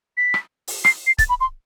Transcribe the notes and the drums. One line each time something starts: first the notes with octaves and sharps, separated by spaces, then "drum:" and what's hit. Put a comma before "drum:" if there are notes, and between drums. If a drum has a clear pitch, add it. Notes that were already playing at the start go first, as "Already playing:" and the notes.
B6
drum: rim click
drum: open hi-hat
C7, drum: rim click
C7
A6, drum: kick C#1, hi-hat
B5
C6